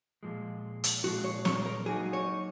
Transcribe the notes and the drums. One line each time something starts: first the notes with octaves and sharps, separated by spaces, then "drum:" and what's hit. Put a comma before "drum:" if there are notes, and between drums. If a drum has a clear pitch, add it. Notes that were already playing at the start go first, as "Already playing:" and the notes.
A#2 F3 G#3
drum: hi-hat
A#2 F3 G#3 F#4
C#5
C#5, drum: snare
A#4
F#3 A#3 D#4 F#4 G#4
C#5